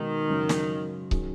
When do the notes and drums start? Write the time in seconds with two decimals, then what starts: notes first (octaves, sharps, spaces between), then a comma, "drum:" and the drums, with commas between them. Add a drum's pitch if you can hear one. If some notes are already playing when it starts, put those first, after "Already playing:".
Already playing: B2 D#3 G#3 D#4
0.29 F#2 C#3 F#3
0.49 drum: snare
1.11 D#3 F#3 C#4 G#4, drum: kick C#1